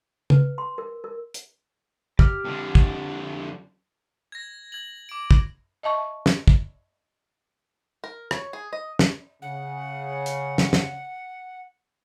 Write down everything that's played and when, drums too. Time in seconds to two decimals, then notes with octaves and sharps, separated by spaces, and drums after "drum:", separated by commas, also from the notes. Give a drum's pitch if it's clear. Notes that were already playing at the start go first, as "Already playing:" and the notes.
0.30 B4, drum: tom C#3
0.58 C6
0.78 A#4
1.04 A#4
1.34 drum: hi-hat
2.19 G4 F6, drum: kick
2.45 F2 D3
2.75 drum: kick
4.32 G#6 A#6
4.72 G#6 F#7
5.09 D6 D7
5.31 drum: kick
5.83 D#5 E5 A5 C#6
6.26 drum: snare
6.48 drum: kick
8.04 A#4
8.31 C#5, drum: rim click
8.53 G#4
8.73 D#5
8.99 drum: snare
9.42 C#3 F#5
10.26 drum: hi-hat
10.58 drum: snare
10.73 drum: snare